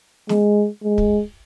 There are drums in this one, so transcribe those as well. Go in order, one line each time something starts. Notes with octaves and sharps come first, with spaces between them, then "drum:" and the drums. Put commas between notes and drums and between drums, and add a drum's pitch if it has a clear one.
G#3, drum: snare
G#3
drum: kick